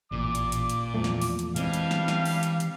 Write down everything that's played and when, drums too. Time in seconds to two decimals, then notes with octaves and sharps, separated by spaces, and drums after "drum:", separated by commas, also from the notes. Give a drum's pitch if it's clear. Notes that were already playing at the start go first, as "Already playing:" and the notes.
0.12 A1 A#2 D5 D6
0.35 drum: hi-hat
0.52 drum: hi-hat
0.70 drum: hi-hat
0.94 E2 F3 A3
1.04 drum: snare
1.21 drum: open hi-hat
1.39 drum: hi-hat
1.56 E3 G3 G#3 C4 D4 F5, drum: hi-hat
1.73 drum: hi-hat
1.91 drum: snare
2.08 drum: snare
2.25 drum: open hi-hat
2.43 drum: hi-hat
2.60 drum: hi-hat